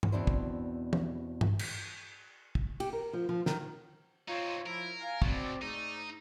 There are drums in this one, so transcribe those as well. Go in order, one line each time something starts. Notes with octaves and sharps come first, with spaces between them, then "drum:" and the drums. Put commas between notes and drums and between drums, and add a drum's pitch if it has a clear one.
drum: tom G2
E2 B2 C4 D4 E4 C5
drum: kick
drum: tom
drum: tom G2
drum: cymbal
drum: kick
G4, drum: cymbal
A#4
F3
F3
D#3, drum: snare
C4 D#4 F4 C#5
F3 E4 A#4
F5 G#5
B2 F#3 C4 D5, drum: kick
G#2 A3 D#4 D5